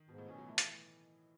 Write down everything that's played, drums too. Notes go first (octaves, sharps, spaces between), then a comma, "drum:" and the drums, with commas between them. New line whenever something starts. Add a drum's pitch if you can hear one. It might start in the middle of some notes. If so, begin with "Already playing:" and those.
Already playing: D#3
G#2 B2
A2
B2 C#4
F#3
E3 A3
drum: hi-hat